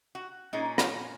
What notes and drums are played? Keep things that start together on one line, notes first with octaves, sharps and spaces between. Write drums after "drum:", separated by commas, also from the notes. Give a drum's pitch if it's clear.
F#4
A#2 G#3 C#4 D#4
F4, drum: rim click